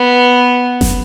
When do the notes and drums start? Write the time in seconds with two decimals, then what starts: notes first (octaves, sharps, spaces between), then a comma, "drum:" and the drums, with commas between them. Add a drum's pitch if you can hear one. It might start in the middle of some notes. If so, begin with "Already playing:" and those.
Already playing: B3
0.81 drum: snare F#1